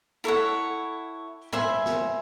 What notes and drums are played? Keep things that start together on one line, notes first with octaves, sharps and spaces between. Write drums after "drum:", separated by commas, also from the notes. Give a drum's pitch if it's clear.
E4 A4 C#5 F#5
C5 E5 G#5 B5, drum: tom
drum: snare